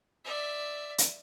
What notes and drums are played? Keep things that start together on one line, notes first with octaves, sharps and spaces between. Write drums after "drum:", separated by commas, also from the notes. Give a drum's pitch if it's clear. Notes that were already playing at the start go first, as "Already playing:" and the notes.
D5 E5
drum: hi-hat